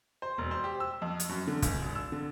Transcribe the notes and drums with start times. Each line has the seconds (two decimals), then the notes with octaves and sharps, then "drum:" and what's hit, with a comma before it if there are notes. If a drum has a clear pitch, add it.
0.22 C5
0.38 E1
0.51 C5
0.64 G4
0.80 E6
1.02 F2
1.20 drum: hi-hat
1.29 F#2
1.47 D3
1.62 C#2, drum: kick, hi-hat
1.82 G#1
1.95 E6
2.12 D3